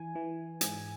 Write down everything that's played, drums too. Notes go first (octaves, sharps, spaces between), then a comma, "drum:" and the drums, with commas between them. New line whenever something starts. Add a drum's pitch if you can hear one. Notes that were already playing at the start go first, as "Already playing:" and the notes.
Already playing: E3 G#5
E3
G#2 G#5, drum: hi-hat